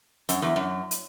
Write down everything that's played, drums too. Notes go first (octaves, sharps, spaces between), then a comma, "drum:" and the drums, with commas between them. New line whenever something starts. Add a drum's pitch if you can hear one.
F#2, drum: hi-hat
E2
F#2
drum: hi-hat